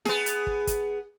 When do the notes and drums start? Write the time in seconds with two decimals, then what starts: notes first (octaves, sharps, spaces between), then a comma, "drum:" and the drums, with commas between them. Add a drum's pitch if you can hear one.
0.05 B3 G#4, drum: snare
0.26 drum: hi-hat
0.47 drum: kick
0.67 drum: kick, hi-hat